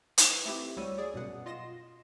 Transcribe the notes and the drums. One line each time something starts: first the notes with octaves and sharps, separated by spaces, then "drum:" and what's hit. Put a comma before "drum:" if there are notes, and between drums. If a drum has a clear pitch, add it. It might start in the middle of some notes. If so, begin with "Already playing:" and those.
D#4 E4 B4, drum: hi-hat
A3 C4 E4 G4
D2 G3 F#4 C#5 E6 D#7
G#4 D5
F#2 B2 F#5
F4 D#5 C6 A#6 E7